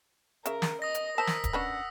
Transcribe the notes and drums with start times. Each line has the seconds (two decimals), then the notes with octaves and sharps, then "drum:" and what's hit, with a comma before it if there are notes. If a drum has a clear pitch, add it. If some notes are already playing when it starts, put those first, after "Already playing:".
0.46 C#3 A#4 E5, drum: hi-hat
0.62 drum: snare
0.82 D#5 D#6 A#6
0.95 drum: hi-hat
1.18 A#4 C5 A5 E6 B6
1.27 drum: snare
1.44 drum: kick D1, hi-hat
1.53 C#4 D4 B4 F#5